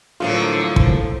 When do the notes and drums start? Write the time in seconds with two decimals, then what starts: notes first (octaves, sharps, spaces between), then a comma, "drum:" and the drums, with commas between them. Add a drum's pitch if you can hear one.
0.20 A2 D3 F3 F#3 A#3 F4 A4 A5
0.76 drum: kick